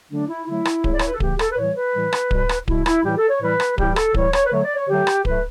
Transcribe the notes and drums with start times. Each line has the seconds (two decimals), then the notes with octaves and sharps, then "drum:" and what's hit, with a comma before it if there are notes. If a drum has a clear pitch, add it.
0.10 D3 F#3 A3 D4
0.29 E4
0.47 D3 F#3 A3 E4
0.65 drum: rim click
0.84 C#3 E3 A3, drum: kick D1
0.92 D5
0.99 C#5, drum: rim click
1.07 B4
1.14 A4
1.20 C#3 E3 A3 G4, drum: kick D1
1.39 A4, drum: rim click
1.51 B4
1.57 A2 E3 G3 C#5
1.76 B4
1.94 A2 E3 G3
2.13 drum: rim click
2.31 B2 G3, drum: kick D1
2.49 drum: rim click
2.68 B2 G3 E4, drum: kick D1
2.86 E4, drum: rim click
3.04 A2 E3 G3 G4
3.17 A4
3.29 C#5
3.41 A2 E3 G3 B4
3.60 drum: rim click
3.78 A2 E3 G3 G4, drum: kick D1
3.96 A4, drum: rim click
4.14 A2 E3 G3 C#5, drum: kick D1
4.33 C#5, drum: rim click
4.46 B4
4.51 D3 F#3 A3 C#5
4.64 D5
4.76 C#5
4.88 D3 F#3 A3 G4
5.07 drum: rim click
5.25 A2 F#3 A3 B4, drum: kick D1